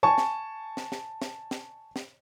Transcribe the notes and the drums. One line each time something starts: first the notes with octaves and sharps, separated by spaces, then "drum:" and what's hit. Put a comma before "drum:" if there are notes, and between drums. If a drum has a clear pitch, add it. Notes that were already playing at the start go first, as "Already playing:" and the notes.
G#5 A5 C#6
drum: snare
drum: snare
drum: snare
drum: snare
drum: snare
drum: snare